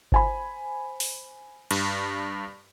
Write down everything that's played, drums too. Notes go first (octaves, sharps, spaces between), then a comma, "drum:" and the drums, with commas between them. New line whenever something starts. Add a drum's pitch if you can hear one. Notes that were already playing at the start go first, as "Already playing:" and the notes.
C5 G#5 B5, drum: kick G1
drum: open hi-hat
G2, drum: cymbal